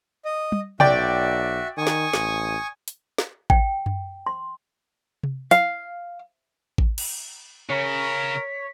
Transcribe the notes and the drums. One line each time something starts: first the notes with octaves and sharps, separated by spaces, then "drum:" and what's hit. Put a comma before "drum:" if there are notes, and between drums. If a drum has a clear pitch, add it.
D#5
drum: tom G3
B1 F#4 D5 E5 G5, drum: tom C3
D#3 G#5 C#6 D#6
drum: snare
A1, drum: snare
drum: hi-hat
drum: snare
G5, drum: kick A1
drum: tom F#2
C6
drum: tom C3
F5, drum: hi-hat
drum: kick A1
drum: cymbal
C#3 A#4 C#5 B6